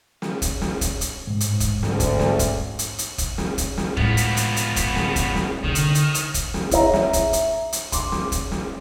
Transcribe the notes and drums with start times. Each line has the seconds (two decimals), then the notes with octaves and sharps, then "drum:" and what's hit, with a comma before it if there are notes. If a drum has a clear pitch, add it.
0.22 drum: snare
0.42 drum: kick, hi-hat
0.61 drum: snare
0.81 drum: kick, hi-hat
1.01 drum: hi-hat
1.27 G#2
1.40 drum: hi-hat
1.60 drum: kick, hi-hat
1.83 D2, drum: snare
2.00 drum: kick, hi-hat
2.19 drum: snare
2.39 drum: kick, hi-hat
2.79 drum: hi-hat
2.98 drum: hi-hat
3.18 drum: kick, hi-hat
3.38 drum: snare
3.58 drum: kick, hi-hat
3.77 drum: snare
3.97 A2 F3 G#3 B3, drum: kick
4.17 drum: hi-hat
4.37 drum: hi-hat
4.56 drum: hi-hat
4.76 drum: kick, hi-hat
4.96 drum: snare
5.16 drum: kick, hi-hat
5.35 drum: snare
5.64 D3 D#3
5.75 drum: hi-hat
5.95 drum: hi-hat
6.14 drum: hi-hat
6.34 drum: kick, hi-hat
6.54 drum: snare
6.71 E4 G#4 C#5 E5 A#5, drum: kick, hi-hat
6.93 drum: snare
7.13 drum: kick, hi-hat
7.33 drum: hi-hat
7.72 drum: hi-hat
7.92 C6 D6, drum: kick, hi-hat
8.12 drum: snare
8.32 drum: kick, hi-hat
8.52 drum: snare